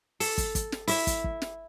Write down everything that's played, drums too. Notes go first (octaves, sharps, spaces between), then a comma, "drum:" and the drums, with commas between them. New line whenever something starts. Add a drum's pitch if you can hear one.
A4, drum: open hi-hat
drum: kick, hi-hat
drum: kick, hi-hat
drum: snare
E4 E5, drum: open hi-hat
drum: kick, hi-hat
drum: kick
drum: snare